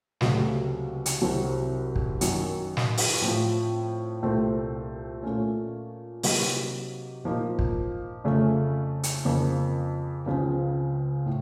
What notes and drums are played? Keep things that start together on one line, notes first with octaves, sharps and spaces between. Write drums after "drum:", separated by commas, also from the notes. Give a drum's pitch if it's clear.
C#2 C3 F#3 A3, drum: snare
drum: hi-hat
C2 C3 F#3 C4
drum: kick
F#2 D#3 F#3, drum: hi-hat
drum: snare
drum: open hi-hat
A2 F3 C4
C2 A#2 A3 C4
A#2 A3 C#4
C3 F#3 A#3 D#4, drum: open hi-hat
A#2 F3 A#3 D#4
drum: kick
F2 C#3 A3 C#4
drum: hi-hat
F2 C#3 F3 A#3
C#2 C#3 F3 C4
A2